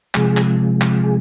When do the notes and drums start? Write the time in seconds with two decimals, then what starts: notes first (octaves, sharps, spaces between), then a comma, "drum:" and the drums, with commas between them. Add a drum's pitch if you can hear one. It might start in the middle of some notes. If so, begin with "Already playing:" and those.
0.15 C3 F3 G#3 G#4, drum: clap
0.37 drum: clap
0.81 drum: clap
1.04 G#4